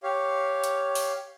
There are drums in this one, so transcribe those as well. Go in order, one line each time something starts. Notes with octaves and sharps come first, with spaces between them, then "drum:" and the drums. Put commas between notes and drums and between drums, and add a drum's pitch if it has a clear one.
G4 C#5 F5
drum: hi-hat
drum: open hi-hat